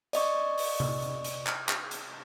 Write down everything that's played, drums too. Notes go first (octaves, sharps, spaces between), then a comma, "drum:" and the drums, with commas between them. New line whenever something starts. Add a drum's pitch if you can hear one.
D5 D#5 C#6, drum: hi-hat
drum: open hi-hat
drum: tom C3
drum: hi-hat
drum: hi-hat
drum: clap
drum: clap
drum: hi-hat